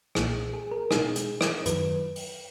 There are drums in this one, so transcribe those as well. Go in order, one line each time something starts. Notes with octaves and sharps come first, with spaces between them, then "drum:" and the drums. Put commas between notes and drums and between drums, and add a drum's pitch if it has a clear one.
B1 A#2 A#3 G#4, drum: rim click
G#4
A#4
B2 G#3 D#4 G#4, drum: rim click
drum: hi-hat
drum: rim click
F#2 D#3 F#3 B4, drum: hi-hat
drum: open hi-hat